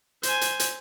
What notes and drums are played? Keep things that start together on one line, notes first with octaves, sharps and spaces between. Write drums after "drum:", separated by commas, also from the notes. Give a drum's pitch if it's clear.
C5 G#5, drum: hi-hat
drum: hi-hat
drum: hi-hat